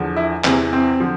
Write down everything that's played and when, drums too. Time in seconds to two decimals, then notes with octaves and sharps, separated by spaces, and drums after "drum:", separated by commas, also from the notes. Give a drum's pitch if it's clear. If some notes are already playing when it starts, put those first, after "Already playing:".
Already playing: E2 D3 F3
0.16 E4
0.44 E2 C3 E3 C4, drum: clap
0.73 C4
1.00 D3 F3